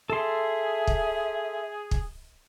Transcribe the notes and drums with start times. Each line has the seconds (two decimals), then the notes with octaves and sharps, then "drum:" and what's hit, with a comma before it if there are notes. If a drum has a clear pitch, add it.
0.10 G#4 A4 E5 C6
0.87 drum: kick
1.91 drum: kick